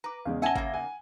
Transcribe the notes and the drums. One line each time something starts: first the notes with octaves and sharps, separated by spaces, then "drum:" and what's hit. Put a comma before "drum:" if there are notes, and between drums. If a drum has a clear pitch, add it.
B4 A#5 D6
E2 C#3 G#3 F5
C#4 E5 F#5 G#5 A5 G#6 A#6 G7
C#3 A#3, drum: kick G#1
F#5 G#5